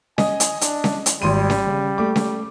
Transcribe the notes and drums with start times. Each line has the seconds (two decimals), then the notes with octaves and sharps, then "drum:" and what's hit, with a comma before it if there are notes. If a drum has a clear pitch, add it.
0.18 D#5 G#5, drum: snare C#4
0.40 drum: hi-hat
0.61 D4, drum: hi-hat
0.84 drum: snare C#4
1.06 drum: hi-hat
1.22 G#1 G3 C6 D#7
1.50 drum: snare C#4
1.67 C#3
1.98 A3 D6
2.16 drum: snare C#4